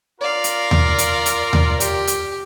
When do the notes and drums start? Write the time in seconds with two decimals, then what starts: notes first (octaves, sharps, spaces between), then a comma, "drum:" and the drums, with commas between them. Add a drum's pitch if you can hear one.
0.21 F4 A#4 D5 F5
0.44 drum: hi-hat
0.71 drum: tom D#2
0.98 drum: hi-hat
1.26 drum: hi-hat
1.53 drum: tom D#2
1.80 G4, drum: hi-hat
2.07 drum: hi-hat